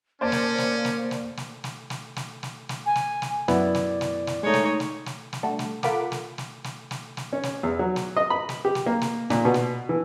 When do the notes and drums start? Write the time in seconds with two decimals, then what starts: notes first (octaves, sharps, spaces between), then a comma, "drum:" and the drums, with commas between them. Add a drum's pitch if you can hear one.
0.21 A#3 C#4 C5 D5 A5
0.32 drum: snare
0.58 drum: snare
0.85 drum: snare
1.11 drum: snare
1.37 drum: snare
1.64 drum: snare
1.90 drum: snare
2.16 drum: snare
2.43 drum: snare
2.69 drum: snare
2.86 G#5
2.95 drum: snare
3.22 drum: snare
3.48 F#2 B3 E4 D5, drum: snare
3.75 drum: snare
4.01 drum: snare
4.27 drum: snare
4.43 G#3 A3 D#4 C#5
4.54 drum: snare
4.80 drum: snare
5.06 drum: snare
5.33 drum: snare
5.43 G3 A3 D4 F#4 A4
5.59 drum: snare
5.83 F4 A4 A#4 F#5 B5 D6, drum: snare
6.12 drum: snare
6.38 drum: snare
6.64 drum: snare
6.91 drum: snare
7.17 drum: snare
7.33 C#4
7.43 drum: snare
7.63 E2
7.79 F#3
7.96 drum: snare
8.16 D#5
8.30 B5
8.49 drum: snare
8.65 G4
8.75 drum: snare
8.86 A#3
9.01 drum: snare
9.30 A#2, drum: snare
9.45 B2
9.54 drum: snare
9.89 E3